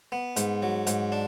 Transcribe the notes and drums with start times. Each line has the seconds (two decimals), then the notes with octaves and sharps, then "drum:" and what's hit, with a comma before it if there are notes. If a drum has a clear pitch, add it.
0.12 B3
0.36 G#2, drum: hi-hat
0.62 F#3
0.87 G#2, drum: hi-hat
1.12 D4